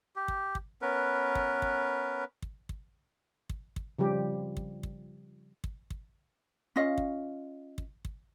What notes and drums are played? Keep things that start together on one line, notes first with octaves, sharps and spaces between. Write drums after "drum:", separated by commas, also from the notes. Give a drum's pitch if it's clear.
G4
drum: kick
drum: kick
B3 C#4 A#4 B4
drum: kick
drum: kick
drum: kick
drum: kick
drum: kick
drum: kick
C#3 F3 G3 G4
drum: kick
drum: kick
drum: kick
drum: kick
C#4 F4 D#5 F5
drum: kick
drum: kick
drum: kick